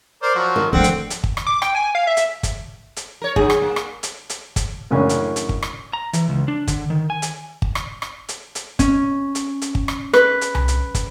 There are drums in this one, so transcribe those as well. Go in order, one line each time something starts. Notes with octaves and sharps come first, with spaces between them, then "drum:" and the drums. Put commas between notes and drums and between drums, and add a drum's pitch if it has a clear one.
A#4 C5 D5
F3 F#3
D#3
D3 F3 A3 C4 F#5 G5
drum: hi-hat
drum: hi-hat
drum: kick
drum: rim click
D6
G5, drum: rim click
G#5
F5
E5
drum: hi-hat
drum: kick, hi-hat
drum: hi-hat
A#4 C#5
D3 F#3 G#4, drum: kick
drum: rim click
A#3
drum: rim click
drum: hi-hat
drum: hi-hat
drum: kick, hi-hat
F#2 A2 C#3 E3 C#4 D4
drum: hi-hat
drum: hi-hat
drum: kick
drum: rim click
A#5
E3, drum: hi-hat
C#2
D4
D3, drum: kick, hi-hat
D#3
G#5
drum: hi-hat
drum: kick
drum: rim click
drum: rim click
drum: hi-hat
drum: hi-hat
C#4, drum: kick, hi-hat
drum: hi-hat
drum: hi-hat
drum: kick
drum: rim click
B4, drum: rim click
drum: hi-hat
drum: tom C2
drum: hi-hat
drum: kick, hi-hat